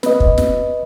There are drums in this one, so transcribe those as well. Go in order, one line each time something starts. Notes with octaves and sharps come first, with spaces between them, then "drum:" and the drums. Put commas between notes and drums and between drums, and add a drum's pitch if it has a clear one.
B4 D#5, drum: snare
drum: kick
drum: snare